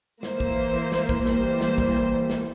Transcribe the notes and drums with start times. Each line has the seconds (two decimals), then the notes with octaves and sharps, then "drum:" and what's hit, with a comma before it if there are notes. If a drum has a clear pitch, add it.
0.23 E3 A#3 C5, drum: snare
0.40 drum: kick
0.92 drum: snare
1.09 drum: kick
1.26 E3 G3 A#3 C5, drum: snare
1.61 drum: snare
1.78 drum: kick
2.30 drum: snare